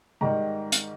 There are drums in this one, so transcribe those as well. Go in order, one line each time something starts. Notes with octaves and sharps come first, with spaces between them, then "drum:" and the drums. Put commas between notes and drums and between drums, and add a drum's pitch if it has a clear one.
G#2 D#3 G3 A#5
drum: hi-hat